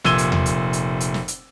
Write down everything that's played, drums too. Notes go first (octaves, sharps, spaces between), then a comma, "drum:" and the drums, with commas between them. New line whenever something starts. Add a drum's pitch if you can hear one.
F1 A#2 E6 G#6 D#7 G7, drum: snare
drum: hi-hat
drum: tom D#2
drum: hi-hat
drum: hi-hat
drum: hi-hat
drum: snare
drum: hi-hat